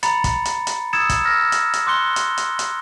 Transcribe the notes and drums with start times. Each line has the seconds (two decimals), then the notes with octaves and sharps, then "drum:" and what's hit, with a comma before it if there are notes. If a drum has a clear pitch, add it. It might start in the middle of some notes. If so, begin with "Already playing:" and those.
0.03 A#5 B5 A6 C#7, drum: hi-hat
0.24 drum: kick, hi-hat
0.45 drum: hi-hat
0.67 drum: hi-hat
0.93 D#6 E6 G#6 A6 C#7 E7
1.09 drum: kick, hi-hat
1.25 E6 F6 A6 A#6
1.52 drum: hi-hat
1.73 drum: hi-hat
1.87 C6 D6 F#6 C#7 G7
2.16 drum: hi-hat
2.38 drum: hi-hat
2.59 drum: hi-hat